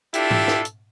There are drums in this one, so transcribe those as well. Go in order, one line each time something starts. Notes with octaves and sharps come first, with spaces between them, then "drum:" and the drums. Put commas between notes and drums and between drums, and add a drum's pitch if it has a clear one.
D4 E4 F4 G4 A4, drum: hi-hat
drum: tom G#2
drum: snare
drum: hi-hat